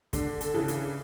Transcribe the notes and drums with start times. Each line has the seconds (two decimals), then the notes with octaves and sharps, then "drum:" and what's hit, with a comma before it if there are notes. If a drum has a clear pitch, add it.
0.13 D3 D4, drum: kick, hi-hat
0.41 A4, drum: hi-hat
0.54 C#3 E3
0.68 D4, drum: hi-hat